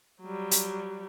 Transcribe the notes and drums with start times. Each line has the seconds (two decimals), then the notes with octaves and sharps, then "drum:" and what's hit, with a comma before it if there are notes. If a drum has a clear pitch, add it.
0.21 F#3 G3
0.51 drum: hi-hat